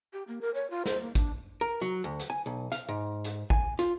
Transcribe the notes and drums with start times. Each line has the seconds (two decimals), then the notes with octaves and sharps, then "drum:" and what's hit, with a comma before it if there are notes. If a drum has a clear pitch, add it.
0.13 G4
0.28 A#3
0.41 A#4
0.55 C#5
0.70 F4
0.86 C5, drum: snare
1.01 A#3
1.15 D4, drum: kick G#1, hi-hat
1.61 A#4
1.82 F#3
2.04 D2
2.20 drum: hi-hat
2.30 G#5
2.46 B1
2.72 F5, drum: hi-hat
2.89 G#2
3.25 drum: hi-hat
3.50 G#5, drum: kick G#1
3.79 F4, drum: hi-hat